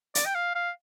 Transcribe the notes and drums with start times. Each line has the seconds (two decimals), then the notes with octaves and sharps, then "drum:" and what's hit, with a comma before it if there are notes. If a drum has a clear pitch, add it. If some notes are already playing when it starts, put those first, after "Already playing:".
0.15 D5, drum: hi-hat
0.25 G5
0.35 F5
0.55 F5